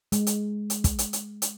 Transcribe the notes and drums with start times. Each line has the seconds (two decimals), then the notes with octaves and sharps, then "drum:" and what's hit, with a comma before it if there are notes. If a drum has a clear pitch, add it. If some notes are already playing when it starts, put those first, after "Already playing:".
0.12 G#3, drum: hi-hat
0.27 drum: hi-hat
0.70 drum: hi-hat
0.84 drum: kick, hi-hat
0.99 drum: hi-hat
1.13 drum: hi-hat
1.42 drum: hi-hat